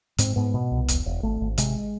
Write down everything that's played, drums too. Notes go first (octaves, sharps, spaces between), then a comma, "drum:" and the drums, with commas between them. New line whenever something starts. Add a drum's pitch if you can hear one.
G#2 C4, drum: hi-hat
G#2 B3
B2
C2
E1, drum: hi-hat
E1
G#1 A3
G#1
C3 G#3, drum: hi-hat